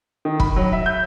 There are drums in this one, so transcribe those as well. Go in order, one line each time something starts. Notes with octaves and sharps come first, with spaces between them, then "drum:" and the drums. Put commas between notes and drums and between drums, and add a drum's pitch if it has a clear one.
D#3
B5, drum: kick
F#3
E5
G6